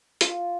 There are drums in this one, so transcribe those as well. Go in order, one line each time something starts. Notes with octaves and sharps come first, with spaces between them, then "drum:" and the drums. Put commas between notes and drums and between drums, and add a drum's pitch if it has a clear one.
F4, drum: hi-hat